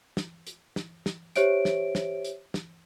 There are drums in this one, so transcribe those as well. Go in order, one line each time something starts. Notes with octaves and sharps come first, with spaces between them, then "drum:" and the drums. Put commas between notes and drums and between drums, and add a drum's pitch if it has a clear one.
drum: snare
drum: hi-hat
drum: snare
drum: snare
G4 C5 C#5 E5 D7, drum: hi-hat
drum: snare
drum: snare
drum: hi-hat
drum: snare